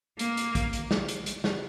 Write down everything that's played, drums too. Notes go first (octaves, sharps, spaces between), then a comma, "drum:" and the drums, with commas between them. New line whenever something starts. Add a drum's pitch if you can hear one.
A#3, drum: hi-hat
drum: hi-hat
drum: kick, hi-hat
drum: hi-hat
drum: snare
drum: hi-hat
drum: hi-hat
drum: snare